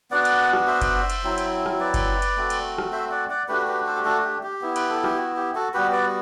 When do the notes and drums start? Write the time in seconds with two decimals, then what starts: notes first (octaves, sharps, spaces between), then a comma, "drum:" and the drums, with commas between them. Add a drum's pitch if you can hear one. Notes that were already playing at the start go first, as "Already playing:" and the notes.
0.11 B3 D4 F#4 D5 F#5
0.25 drum: cymbal
0.53 drum: rim click
0.67 C5 E5
0.81 drum: kick F#1, cymbal
1.10 drum: cymbal
1.24 F#3 C4 E4
1.38 drum: cymbal
1.66 drum: rim click
1.80 B4 D5
1.94 drum: kick F#1, cymbal
2.22 drum: cymbal
2.36 A3 C4 F#4
2.50 drum: cymbal
2.78 drum: rim click
2.92 C5 E5
3.11 D5 F#5
3.30 D5 F#5
3.48 A3 D4 F#4 G4 B4
3.68 G4 B4
3.86 A4 C5
3.96 G4
4.05 F#4 A4
4.24 G4
4.43 G4
4.61 B3 E4
4.76 B4, drum: cymbal
4.90 A4
5.04 G4, drum: rim click
5.18 F#4
5.37 G4
5.55 F#4 A4
5.74 G3 B3 F#4 G4 B4
5.92 B4 D5